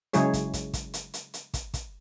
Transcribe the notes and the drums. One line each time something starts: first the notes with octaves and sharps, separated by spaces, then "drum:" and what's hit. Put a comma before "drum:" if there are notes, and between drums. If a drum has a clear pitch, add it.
C#3 F#3 G#3 E4 G#4 C#5, drum: hi-hat
drum: kick, hi-hat
drum: kick, hi-hat
drum: kick, hi-hat
drum: hi-hat
drum: hi-hat
drum: hi-hat
drum: kick, hi-hat
drum: kick, hi-hat